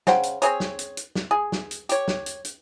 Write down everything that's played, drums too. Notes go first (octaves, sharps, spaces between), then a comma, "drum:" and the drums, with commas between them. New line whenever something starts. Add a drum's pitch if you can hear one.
C#3 C5 F#5 G5, drum: snare
drum: hi-hat
C4 G#4 C#5, drum: hi-hat
drum: snare
drum: hi-hat
drum: hi-hat
drum: snare
G#4
drum: snare
drum: hi-hat
G4 C#5, drum: hi-hat
drum: snare
drum: hi-hat
drum: hi-hat